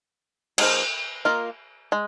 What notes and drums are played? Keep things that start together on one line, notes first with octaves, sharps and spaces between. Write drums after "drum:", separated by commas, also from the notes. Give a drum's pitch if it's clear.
F3 A#3 D#4 G#4, drum: cymbal
A#3 F4 A#4 D#5
G#3